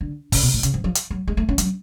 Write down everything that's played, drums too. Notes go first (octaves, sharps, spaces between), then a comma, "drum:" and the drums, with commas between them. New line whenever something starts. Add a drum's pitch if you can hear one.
D3
C#3, drum: kick, open hi-hat
B2
A2
C#3, drum: hi-hat
F3
F3
drum: hi-hat
F#3
G#3
A3
C#4
F#3, drum: hi-hat